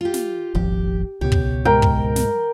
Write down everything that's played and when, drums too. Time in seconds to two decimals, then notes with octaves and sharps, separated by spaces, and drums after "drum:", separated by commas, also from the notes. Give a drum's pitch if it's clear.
0.01 F4 G4
0.14 drum: snare
0.55 D#1 G#1 F3 G4
1.21 C#2 B2 G4 C#5
1.32 drum: kick
1.65 G#2 A#4 G5
1.82 drum: kick
2.16 drum: snare